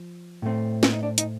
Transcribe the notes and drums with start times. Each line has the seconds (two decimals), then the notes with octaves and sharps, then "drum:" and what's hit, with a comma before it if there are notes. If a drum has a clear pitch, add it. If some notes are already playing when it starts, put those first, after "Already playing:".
Already playing: F3
0.42 A2 A3 C4
0.83 drum: snare
0.92 D#4
1.03 D4
1.18 D#4, drum: hi-hat